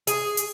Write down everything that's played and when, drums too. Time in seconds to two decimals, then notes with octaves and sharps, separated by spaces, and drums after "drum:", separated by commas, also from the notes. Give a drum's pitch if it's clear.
0.07 G#4, drum: hi-hat
0.37 drum: hi-hat